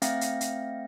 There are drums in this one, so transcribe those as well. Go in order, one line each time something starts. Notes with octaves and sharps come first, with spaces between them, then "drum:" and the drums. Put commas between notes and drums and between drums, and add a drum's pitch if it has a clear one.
A3 C4 E5 F5 G5 A#6, drum: hi-hat
drum: hi-hat
drum: hi-hat